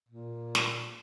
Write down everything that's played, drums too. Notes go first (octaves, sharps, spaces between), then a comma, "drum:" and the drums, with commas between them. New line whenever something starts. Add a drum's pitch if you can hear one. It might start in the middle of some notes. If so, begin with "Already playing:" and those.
A#2
drum: snare